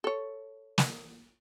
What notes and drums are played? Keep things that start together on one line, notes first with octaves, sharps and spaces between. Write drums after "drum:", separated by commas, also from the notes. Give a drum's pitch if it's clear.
A4 C#5
drum: snare